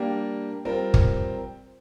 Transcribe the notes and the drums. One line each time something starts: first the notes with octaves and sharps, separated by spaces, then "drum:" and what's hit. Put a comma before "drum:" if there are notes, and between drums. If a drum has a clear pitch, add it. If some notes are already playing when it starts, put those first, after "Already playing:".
Already playing: G3 A#3 D4 G4
G3 C4 F4 A#4
drum: kick